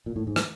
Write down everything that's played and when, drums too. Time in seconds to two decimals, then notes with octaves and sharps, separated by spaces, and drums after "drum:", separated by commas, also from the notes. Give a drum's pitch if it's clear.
0.06 A#2
0.16 A2
0.27 G#2
0.36 drum: rim click